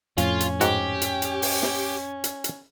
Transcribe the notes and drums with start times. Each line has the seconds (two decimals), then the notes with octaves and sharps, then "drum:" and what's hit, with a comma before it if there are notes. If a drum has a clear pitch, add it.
0.18 F2 A2 C#4 F4, drum: hi-hat
0.40 drum: hi-hat
0.61 G#2 F#4 G4, drum: hi-hat
1.02 drum: hi-hat
1.22 drum: hi-hat
1.42 drum: open hi-hat
1.63 drum: snare
2.24 drum: hi-hat
2.44 drum: hi-hat